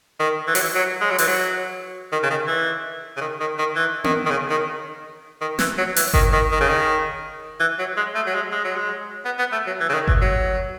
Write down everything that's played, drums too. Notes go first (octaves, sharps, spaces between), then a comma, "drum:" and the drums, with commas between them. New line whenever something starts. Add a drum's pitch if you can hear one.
D#3
E3
F#3, drum: open hi-hat
E3
F#3
G#3
F#3
E3, drum: open hi-hat
F#3
D#3
C#3
D#3
E3
C#3
D#3
D#3
D#3
E3
D#3, drum: tom B3
D#3
C#3
D#3
D#3
E3, drum: snare
F#3
E3, drum: open hi-hat
D#3, drum: kick G1
D#3
D#3
C#3
D#3
E3
F#3
G#3
A3
F#3
G#3
G#3
F#3
G#3
B3
B3
A3
F#3
E3
C#3
D#3
E3, drum: kick G1
F#3